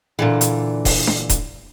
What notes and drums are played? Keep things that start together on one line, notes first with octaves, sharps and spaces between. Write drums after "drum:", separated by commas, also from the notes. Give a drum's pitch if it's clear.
A#2 D3 E3
drum: hi-hat
drum: kick D#1, open hi-hat
drum: snare D4
drum: kick D#1, hi-hat